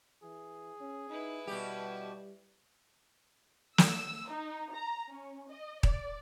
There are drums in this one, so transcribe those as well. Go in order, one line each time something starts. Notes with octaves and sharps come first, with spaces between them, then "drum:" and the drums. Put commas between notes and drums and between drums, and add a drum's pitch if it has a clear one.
E3 G#4
C#4
D#4 E4 B4
B2 G3 G4
E6, drum: snare
D#4
A#5
C#4
D#5
D5, drum: kick D#1